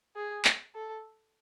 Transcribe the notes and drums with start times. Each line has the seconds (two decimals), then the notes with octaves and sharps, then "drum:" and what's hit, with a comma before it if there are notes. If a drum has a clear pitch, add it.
0.16 G#4
0.45 drum: clap
0.75 A4